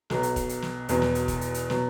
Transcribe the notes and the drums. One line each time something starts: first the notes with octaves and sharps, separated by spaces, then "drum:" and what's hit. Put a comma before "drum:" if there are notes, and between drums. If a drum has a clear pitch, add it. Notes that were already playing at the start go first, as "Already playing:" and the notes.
B1 B2 F#3, drum: snare
drum: hi-hat
drum: kick, hi-hat
drum: hi-hat
drum: snare
E1 E2 B2, drum: hi-hat
drum: snare
drum: hi-hat
drum: kick, hi-hat
drum: hi-hat
drum: hi-hat
B2 F#3, drum: snare